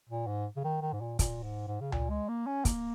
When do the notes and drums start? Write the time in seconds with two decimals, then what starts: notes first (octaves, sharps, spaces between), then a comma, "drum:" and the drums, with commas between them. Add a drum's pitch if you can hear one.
0.09 A#2
0.27 G#2
0.57 C#3
0.64 D#3
0.82 D#3
0.93 G#2
1.01 A#2
1.19 A#2, drum: kick, hi-hat
1.43 G#2
1.67 G#2
1.81 C#3
1.92 A#2, drum: tom C#2
2.10 G#3
2.29 A#3
2.47 C#4
2.65 A#3, drum: kick, hi-hat